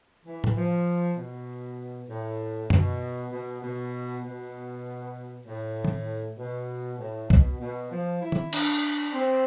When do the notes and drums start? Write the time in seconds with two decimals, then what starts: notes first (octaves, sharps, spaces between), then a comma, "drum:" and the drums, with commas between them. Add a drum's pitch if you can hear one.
0.26 E3
0.44 drum: tom A2
0.57 F3
1.17 B2
2.10 A2
2.70 B2, drum: tom F#2
3.32 B2
3.63 B2
4.24 B2
5.46 A2
5.84 drum: tom D#3
6.38 B2
6.99 A2
7.30 B2, drum: kick C2
7.61 B2
7.91 F3
8.22 E4
8.32 drum: tom D#3
8.53 D4, drum: cymbal
9.13 C4